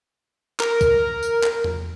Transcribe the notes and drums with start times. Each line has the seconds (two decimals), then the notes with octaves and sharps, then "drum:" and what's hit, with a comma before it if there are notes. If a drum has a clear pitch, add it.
0.60 A#4, drum: clap
0.81 drum: kick, tambourine
1.23 drum: tambourine
1.44 drum: clap
1.64 drum: tom E2